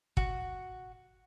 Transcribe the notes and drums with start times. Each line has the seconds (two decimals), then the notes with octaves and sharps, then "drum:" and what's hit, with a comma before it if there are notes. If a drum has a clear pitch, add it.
0.17 F#4, drum: kick